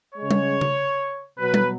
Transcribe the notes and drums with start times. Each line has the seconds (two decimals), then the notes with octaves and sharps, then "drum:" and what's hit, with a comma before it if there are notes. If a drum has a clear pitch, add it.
0.15 G#3 C#5
0.20 C#3
0.31 drum: tom G3
0.61 drum: tom C#3
1.38 B2 F#3 B4
1.54 drum: tom G3